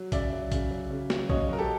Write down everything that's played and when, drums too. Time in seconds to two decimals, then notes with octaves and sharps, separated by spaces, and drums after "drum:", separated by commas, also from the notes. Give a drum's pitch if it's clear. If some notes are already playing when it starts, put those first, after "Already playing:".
Already playing: F#3
0.12 C#3 D5 E5, drum: kick A#1, hi-hat
0.33 F#3
0.52 C#3, drum: kick A#1, hi-hat
0.71 F#3
0.91 C#3
1.10 F#3, drum: snare
1.30 C#3 C#5 D#5, drum: kick A#1
1.49 F#3 A#4
1.59 G4 A4